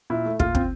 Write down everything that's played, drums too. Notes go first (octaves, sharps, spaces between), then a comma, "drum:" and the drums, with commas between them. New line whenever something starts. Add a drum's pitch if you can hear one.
A#2 E4
A3
A#2 F4, drum: kick
C4, drum: kick